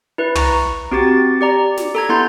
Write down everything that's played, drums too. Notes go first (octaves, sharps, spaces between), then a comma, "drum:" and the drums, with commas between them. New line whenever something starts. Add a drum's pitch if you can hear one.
E4 B4
A#5 C#6, drum: tom
C4 F#4 G4 A6
G4 D5 A#5
drum: snare
A4 A#5 G#6
B3 E4 C6 G6